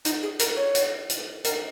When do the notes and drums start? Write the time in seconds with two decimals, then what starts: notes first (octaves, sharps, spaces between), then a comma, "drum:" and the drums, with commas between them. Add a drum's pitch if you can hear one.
0.05 D#4, drum: hi-hat
0.22 G#4
0.39 A#4, drum: hi-hat
0.57 C#5
0.75 drum: hi-hat
1.09 drum: hi-hat
1.44 A#4, drum: hi-hat